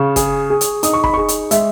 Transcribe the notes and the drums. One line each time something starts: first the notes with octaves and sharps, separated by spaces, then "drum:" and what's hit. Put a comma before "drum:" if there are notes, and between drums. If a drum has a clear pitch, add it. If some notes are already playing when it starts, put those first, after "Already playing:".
Already playing: C#3 C#6
G#4, drum: kick, hi-hat
G#4
drum: hi-hat
D#4 D#6, drum: hi-hat
C#6
B5, drum: kick
G#4 C#6
drum: hi-hat
G#3 E5, drum: hi-hat